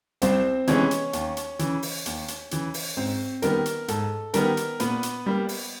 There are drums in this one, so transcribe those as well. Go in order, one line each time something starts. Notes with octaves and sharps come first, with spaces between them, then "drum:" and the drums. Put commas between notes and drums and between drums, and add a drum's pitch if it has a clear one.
C2 C4 C5, drum: hi-hat
C3 E3 G#3 B3 C#4 C#5, drum: hi-hat
drum: hi-hat
D#2, drum: hi-hat
drum: hi-hat
C#3 E3, drum: hi-hat
drum: open hi-hat
D#2, drum: hi-hat
drum: hi-hat
C#3 E3, drum: hi-hat
drum: open hi-hat
G#2 C4 C5
D#3 G3 B3 A#4, drum: hi-hat
drum: hi-hat
G#2 A4, drum: hi-hat
D#3 G3 B3 A#4, drum: hi-hat
drum: hi-hat
A#2 B3 B4, drum: hi-hat
drum: hi-hat
G3 A#3
drum: open hi-hat